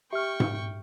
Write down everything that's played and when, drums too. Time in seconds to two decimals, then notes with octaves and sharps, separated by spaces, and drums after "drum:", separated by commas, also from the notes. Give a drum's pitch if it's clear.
0.13 G4 E5 G5 C#6 F6
0.40 drum: tom G#2